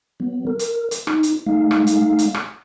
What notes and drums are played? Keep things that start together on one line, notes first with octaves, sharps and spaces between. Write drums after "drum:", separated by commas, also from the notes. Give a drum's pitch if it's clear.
F#3 B3
A#4
drum: hi-hat
drum: hi-hat
D#4, drum: rim click
drum: hi-hat
G#3 A3 D#4 F5
drum: rim click
drum: hi-hat
drum: hi-hat
drum: rim click